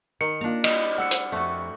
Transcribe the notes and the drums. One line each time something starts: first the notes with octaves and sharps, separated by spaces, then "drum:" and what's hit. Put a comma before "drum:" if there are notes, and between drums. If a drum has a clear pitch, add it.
D#3 A#4 C#7
A#3 D4 D#4 F4 A#5
G3 D#5, drum: cymbal
A3 F#5 E6 C#7
drum: hi-hat
F2 A3 C4 F#4